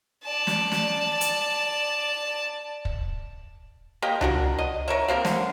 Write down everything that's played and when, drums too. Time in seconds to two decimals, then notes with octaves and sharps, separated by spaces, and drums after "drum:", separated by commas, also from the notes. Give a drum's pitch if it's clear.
0.24 D5 A5
0.47 drum: snare
0.72 drum: snare
1.21 drum: hi-hat
2.85 drum: kick
4.02 A#3 G4 D#5
4.21 D4 F#4 A#4, drum: tom C#2
4.58 D#5
4.88 A#4 C#5 E5
5.08 A#3 C4 G4 A#4
5.25 D3, drum: snare